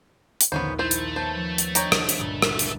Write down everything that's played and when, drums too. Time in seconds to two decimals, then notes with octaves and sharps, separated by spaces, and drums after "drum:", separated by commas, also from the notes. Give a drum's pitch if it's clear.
0.41 drum: hi-hat
0.52 A#1 D#2 D3 B3 C#4 C5
0.79 A3 E4 C5 C6
0.91 drum: hi-hat
1.16 B3 C5 C#5 A5
1.36 F3
1.58 drum: hi-hat
1.75 D4 C#5 D#5 G5 A#5, drum: hi-hat
1.92 drum: rim click
2.09 drum: hi-hat
2.19 G1 C#2 A#2
2.42 drum: rim click
2.59 drum: hi-hat